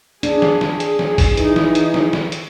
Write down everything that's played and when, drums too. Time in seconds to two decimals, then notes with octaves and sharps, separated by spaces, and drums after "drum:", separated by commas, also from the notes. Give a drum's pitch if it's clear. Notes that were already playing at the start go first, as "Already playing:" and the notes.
0.23 D4 G#4, drum: hi-hat
0.42 drum: snare
0.61 drum: snare
0.80 drum: hi-hat
0.99 drum: snare
1.18 drum: kick, open hi-hat
1.37 E3 D#4, drum: hi-hat
1.56 drum: snare
1.75 drum: hi-hat
1.94 drum: snare
2.13 drum: snare
2.32 drum: hi-hat